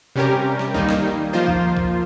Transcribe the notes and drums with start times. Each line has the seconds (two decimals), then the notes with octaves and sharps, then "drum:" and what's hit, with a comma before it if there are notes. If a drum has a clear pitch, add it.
0.16 C3 G3 C#4 G4 A#4
0.59 drum: snare
0.75 D#3 G3 A#3 D#4, drum: kick A#1
0.89 drum: snare
1.33 F3 A#3 F4 C5
1.47 drum: kick A#1
1.77 drum: kick A#1